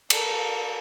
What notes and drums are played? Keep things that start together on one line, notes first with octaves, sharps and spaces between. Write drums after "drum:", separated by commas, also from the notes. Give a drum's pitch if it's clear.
A4 A#4, drum: cymbal